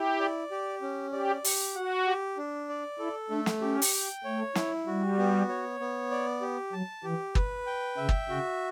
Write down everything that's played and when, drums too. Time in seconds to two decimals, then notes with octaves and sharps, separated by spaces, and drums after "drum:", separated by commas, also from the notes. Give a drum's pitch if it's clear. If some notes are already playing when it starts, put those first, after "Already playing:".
Already playing: E4 G4
0.20 D5
0.51 G4
0.82 C#4
1.13 G4 D5
1.44 G4, drum: open hi-hat
1.75 F#4 F#5
2.06 G4
2.38 D4
2.69 D5
2.99 E4 A4
3.30 A3 D4
3.46 drum: snare
3.61 C#4 G4
3.82 drum: open hi-hat
3.93 G5
4.24 A3 C#5
4.55 E4, drum: snare
4.86 G3 F#4
5.18 B3
5.49 C#5
5.80 B3
6.11 D5
6.41 G4
6.73 F#3 A5
7.04 E3 G4
7.35 B4, drum: kick
7.66 G5
7.97 C#3 E5
8.09 drum: kick
8.29 C#3 F#4